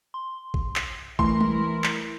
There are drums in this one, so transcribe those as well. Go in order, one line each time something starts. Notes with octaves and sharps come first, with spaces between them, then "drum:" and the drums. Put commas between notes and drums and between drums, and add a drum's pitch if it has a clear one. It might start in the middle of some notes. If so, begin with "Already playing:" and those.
C6
drum: kick G#1
drum: clap
E3 A3 E4 A#4 C6, drum: kick G#1
drum: tom G3
drum: clap